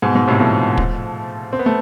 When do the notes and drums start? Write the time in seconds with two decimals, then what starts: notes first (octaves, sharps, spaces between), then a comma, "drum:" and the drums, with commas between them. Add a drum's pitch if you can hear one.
0.02 G#2 B2
0.15 G#2 B2
0.27 A2 C3
0.40 F3 A3
0.77 drum: kick
1.53 C4
1.59 B3
1.66 A3